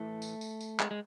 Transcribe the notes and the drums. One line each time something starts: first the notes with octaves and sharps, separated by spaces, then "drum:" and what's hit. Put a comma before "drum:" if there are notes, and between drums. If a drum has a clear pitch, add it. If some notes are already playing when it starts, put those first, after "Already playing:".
Already playing: A2 E3 A3
drum: tambourine
drum: tambourine
drum: tambourine
G#3, drum: clap
G#3